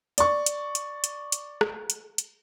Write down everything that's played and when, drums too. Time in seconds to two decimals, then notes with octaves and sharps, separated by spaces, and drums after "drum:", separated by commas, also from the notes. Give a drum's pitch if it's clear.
0.18 D5 C#6, drum: hi-hat
0.46 drum: hi-hat
0.75 drum: hi-hat
1.04 drum: hi-hat
1.32 drum: hi-hat
1.61 drum: rim click
1.90 drum: hi-hat
2.18 drum: hi-hat